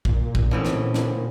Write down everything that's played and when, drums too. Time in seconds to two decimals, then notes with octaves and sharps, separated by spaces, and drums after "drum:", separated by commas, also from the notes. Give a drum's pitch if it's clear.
0.05 A#2, drum: kick
0.35 drum: kick
0.51 B2 D3 E3 A3 C4 C#4
0.65 drum: snare
0.94 drum: snare